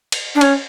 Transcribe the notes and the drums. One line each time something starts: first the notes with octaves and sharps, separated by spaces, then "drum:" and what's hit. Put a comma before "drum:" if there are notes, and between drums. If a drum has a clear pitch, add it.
drum: cymbal
D4
C#4, drum: cymbal